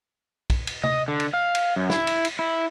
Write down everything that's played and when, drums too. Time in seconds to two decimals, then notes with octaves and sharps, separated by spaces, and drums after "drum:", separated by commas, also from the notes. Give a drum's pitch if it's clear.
0.50 drum: kick, cymbal
0.67 drum: cymbal
0.84 D#5, drum: tom C3
1.08 D3
1.20 drum: cymbal
1.34 F5
1.55 drum: cymbal
1.76 F#2
1.90 E4, drum: snare
2.07 drum: cymbal
2.25 drum: cymbal
2.39 E4